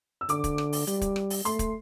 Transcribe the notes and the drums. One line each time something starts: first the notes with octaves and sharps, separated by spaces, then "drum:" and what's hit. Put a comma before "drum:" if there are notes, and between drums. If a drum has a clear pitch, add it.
E6
D3 D6, drum: hi-hat
drum: kick, hi-hat
drum: rim click
drum: open hi-hat
G3, drum: hi-hat
drum: kick, hi-hat
drum: rim click
drum: open hi-hat
A3 C6, drum: hi-hat
drum: kick, hi-hat